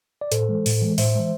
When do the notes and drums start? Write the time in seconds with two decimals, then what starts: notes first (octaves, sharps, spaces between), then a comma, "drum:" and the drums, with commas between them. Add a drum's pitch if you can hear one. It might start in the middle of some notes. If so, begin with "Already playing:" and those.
0.21 D5
0.32 A2 A4 C5, drum: hi-hat
0.49 E3 G#3
0.66 A2, drum: open hi-hat
0.82 E3 G#3
0.98 A2 C5 E5, drum: open hi-hat
1.15 E3 G#3